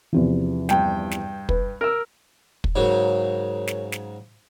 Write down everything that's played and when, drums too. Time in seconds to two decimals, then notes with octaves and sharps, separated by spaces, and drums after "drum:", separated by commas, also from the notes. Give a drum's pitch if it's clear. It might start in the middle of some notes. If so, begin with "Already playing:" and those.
0.13 E2 C3 F3
0.69 G2 G5, drum: snare
1.11 drum: snare
1.49 B4, drum: kick
1.81 A#4 E6 D7
2.64 drum: kick
2.76 G#2 C#3 F#3 A#4 C#5
3.67 drum: snare
3.92 drum: snare